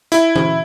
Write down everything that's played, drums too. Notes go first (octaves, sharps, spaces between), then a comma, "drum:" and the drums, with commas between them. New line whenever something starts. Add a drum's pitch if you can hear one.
E4, drum: hi-hat
drum: tom